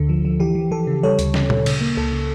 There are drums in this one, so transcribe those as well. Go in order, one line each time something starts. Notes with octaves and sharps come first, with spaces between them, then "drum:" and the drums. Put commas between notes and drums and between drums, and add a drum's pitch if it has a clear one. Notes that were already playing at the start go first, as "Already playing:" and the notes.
Already playing: D2 D3 A4
F3
F3
E3 G4
E3
E3 A4
C#3
G3 A4 C#5
D2, drum: hi-hat
C#3, drum: snare
C#3, drum: tom A#2
C#3, drum: cymbal
A#3
C#2 A4
C#3